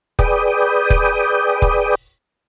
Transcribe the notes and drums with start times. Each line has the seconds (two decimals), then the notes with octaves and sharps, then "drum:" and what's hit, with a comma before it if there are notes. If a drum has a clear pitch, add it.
0.19 G#4 B4 D5 G5 D#6, drum: kick
0.90 drum: kick
1.62 drum: kick